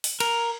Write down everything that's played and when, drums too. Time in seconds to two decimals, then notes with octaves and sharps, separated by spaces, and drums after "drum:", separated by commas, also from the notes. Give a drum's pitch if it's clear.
0.04 drum: open hi-hat
0.20 A#4, drum: cymbal